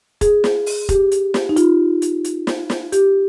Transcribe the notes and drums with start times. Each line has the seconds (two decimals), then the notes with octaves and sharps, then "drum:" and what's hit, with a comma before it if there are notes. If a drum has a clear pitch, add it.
0.21 G#4, drum: kick F1, hi-hat
0.44 drum: snare
0.66 drum: open hi-hat
0.89 G4, drum: kick F1, hi-hat
1.11 drum: hi-hat
1.34 drum: snare
1.49 D#4
1.56 F4, drum: hi-hat
2.02 drum: hi-hat
2.24 drum: hi-hat
2.47 drum: snare
2.70 drum: snare
2.92 G4, drum: hi-hat